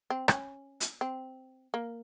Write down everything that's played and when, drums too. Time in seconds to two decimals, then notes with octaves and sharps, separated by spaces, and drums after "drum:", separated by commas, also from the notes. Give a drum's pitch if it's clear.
0.10 C4
0.28 C#4, drum: rim click
0.80 drum: hi-hat
1.01 C4
1.74 A#3